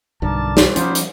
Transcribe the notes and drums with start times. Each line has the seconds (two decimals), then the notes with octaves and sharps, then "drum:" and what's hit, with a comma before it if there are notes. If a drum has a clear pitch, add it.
0.22 B1 G2 D3 A#4 D5 A5
0.57 drum: snare
0.76 F3 A#3 B3 C#4 C5, drum: hi-hat
0.95 drum: hi-hat